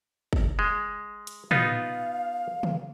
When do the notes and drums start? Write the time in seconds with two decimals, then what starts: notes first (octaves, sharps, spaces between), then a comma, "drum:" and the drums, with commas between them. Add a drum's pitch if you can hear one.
0.33 drum: kick
0.59 G#3
1.27 drum: hi-hat
1.51 B3 D#4 F4 F5, drum: tom
2.63 drum: tom